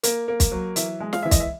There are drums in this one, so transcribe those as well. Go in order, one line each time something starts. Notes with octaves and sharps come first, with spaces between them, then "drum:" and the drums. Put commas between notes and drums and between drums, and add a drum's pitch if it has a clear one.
A#3, drum: hi-hat
A#3
drum: kick, hi-hat
F#3
E3 E5, drum: hi-hat
G#3
F5, drum: snare
E3 E5
D#5, drum: kick, hi-hat
E5